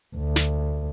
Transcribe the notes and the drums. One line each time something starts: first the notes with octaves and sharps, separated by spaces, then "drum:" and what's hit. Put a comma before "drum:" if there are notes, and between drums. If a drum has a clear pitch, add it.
D2
drum: snare